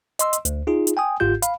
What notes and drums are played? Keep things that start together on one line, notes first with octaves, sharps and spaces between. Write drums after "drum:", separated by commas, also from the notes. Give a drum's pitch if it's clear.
D#5 C6 E6, drum: hi-hat
drum: hi-hat
D2, drum: hi-hat
D#4 F4 G#4
drum: hi-hat
G5 G#5 D#6
G1 G#2 F4 G4 G6
F5 B5, drum: hi-hat